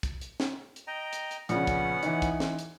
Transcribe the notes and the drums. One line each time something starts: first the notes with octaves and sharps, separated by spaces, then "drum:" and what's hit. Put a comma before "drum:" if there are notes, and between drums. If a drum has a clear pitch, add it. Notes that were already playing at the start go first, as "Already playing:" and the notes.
drum: kick, hi-hat
drum: hi-hat
drum: snare
drum: hi-hat
D#5 G5 A#5
drum: hi-hat
drum: hi-hat
A#1 C#3 B3 C#4 F#5, drum: hi-hat
drum: kick, hi-hat
E3 D#4, drum: hi-hat
drum: kick, hi-hat
drum: snare
drum: hi-hat